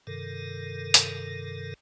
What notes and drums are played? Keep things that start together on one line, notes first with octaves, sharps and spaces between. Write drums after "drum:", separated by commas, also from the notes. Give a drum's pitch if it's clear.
G2 C3 D#3 A4 A#4
drum: hi-hat